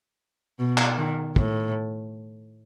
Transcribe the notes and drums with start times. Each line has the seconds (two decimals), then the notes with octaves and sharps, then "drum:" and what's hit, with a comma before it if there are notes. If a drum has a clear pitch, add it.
0.59 B2
0.78 drum: clap
0.98 D#3
1.36 A2, drum: kick